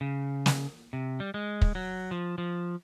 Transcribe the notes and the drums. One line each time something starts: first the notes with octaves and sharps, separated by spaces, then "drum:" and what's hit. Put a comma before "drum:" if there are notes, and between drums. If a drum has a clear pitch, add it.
C#3
drum: snare
C3
G3
G#3
drum: kick
F#3
F3
F3